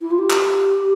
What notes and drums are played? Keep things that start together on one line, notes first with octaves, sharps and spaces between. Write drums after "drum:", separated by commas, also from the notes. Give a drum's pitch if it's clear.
E4
F4
G4
drum: clap